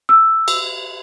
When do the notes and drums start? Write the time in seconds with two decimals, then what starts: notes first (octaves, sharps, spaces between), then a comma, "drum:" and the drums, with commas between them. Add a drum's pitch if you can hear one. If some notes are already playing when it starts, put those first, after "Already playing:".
0.09 E6
0.48 drum: cymbal